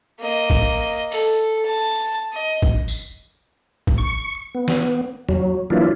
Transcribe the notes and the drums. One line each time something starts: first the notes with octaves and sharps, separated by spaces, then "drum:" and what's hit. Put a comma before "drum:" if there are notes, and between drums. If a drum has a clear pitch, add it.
A#3 D#5
drum: kick A#1
A4, drum: open hi-hat
A5
D#5
drum: kick A#1
drum: tambourine
drum: kick A#1
C#6
B3
drum: snare
F#3, drum: tom
E3 F#3 A#3 D4 E4 F4